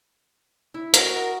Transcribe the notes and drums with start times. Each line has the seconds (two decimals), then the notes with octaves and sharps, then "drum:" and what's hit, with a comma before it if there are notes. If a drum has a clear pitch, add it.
0.74 E4
0.94 F#4 A#4 D#5 A#5, drum: hi-hat